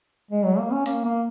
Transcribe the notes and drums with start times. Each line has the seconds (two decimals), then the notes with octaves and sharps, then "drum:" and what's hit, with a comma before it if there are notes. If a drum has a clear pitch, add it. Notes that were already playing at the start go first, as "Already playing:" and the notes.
0.31 G#3
0.45 F#3
0.59 A#3
0.72 C#4
0.86 A#3, drum: open hi-hat
1.05 A#3